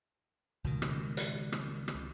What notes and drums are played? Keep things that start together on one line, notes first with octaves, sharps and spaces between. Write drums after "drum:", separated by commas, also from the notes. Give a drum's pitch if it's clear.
C#2 B2 D#3
drum: rim click
drum: hi-hat
drum: rim click
drum: rim click